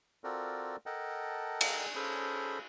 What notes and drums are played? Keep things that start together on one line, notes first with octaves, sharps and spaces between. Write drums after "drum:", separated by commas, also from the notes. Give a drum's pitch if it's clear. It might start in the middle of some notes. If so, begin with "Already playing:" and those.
C4 F4 F#4 A4 A#4 D5
A4 A#4 D#5 F#5 G5 A5
drum: cymbal
C#4 G#4 A4 C5 B5